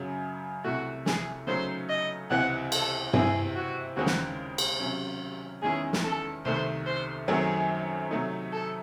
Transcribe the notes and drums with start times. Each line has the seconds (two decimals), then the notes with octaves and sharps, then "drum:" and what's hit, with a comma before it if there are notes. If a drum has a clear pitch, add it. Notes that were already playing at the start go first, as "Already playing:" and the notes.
Already playing: F#2 C#3 F#3
0.64 C2 C3 E3 A3 F#4
1.06 G#4, drum: snare
1.47 C#3 F#3 A3 D#4 C5
1.89 D#5
2.31 C#2 C3 E3 C4 F#5
2.72 A4, drum: cymbal
3.13 C3 E3 C4 E4 G#4, drum: tom G2
3.55 F#4
3.96 D#2 C#3 G#3 C4 D#4 F#4
4.06 drum: snare
4.58 drum: cymbal
4.80 C3 F#3 C#4
5.62 E2 D#3 G#3 C#4 E4 G#4
5.93 drum: snare
6.04 A4
6.45 C2 C3 D#3 A3 C5
6.86 C5
7.28 F#2 D#3 F#3 A3 C4 G#4
8.11 C3 F#3 A3 D#4
8.53 A4